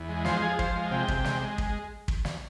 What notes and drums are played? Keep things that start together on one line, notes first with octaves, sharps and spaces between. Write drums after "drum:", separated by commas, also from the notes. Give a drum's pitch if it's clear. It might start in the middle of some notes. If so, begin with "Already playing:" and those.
Already playing: E2
G#3
F3 C5, drum: snare
F3 G#4
F3 C5, drum: kick
G#3
C3 G5
C3, drum: kick
G#3, drum: snare
G#3
drum: kick
drum: kick
drum: snare